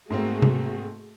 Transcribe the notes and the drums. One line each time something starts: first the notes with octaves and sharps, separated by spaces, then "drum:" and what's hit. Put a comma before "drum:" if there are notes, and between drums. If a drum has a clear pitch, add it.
G#2 A3 A#3 C4 F#4 G#4
drum: tom C3